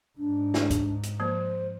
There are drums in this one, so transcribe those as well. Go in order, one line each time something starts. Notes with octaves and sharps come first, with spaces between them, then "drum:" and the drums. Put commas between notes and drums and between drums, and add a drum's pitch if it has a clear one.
G#2 D4
drum: snare
drum: kick C#2, hi-hat
drum: hi-hat
F3 A#3 C5